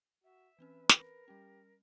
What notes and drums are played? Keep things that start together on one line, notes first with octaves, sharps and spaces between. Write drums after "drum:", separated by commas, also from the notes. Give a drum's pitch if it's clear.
F#4 E5
E3 C4 C#4 B4
A#4, drum: snare
G3 C#4 G4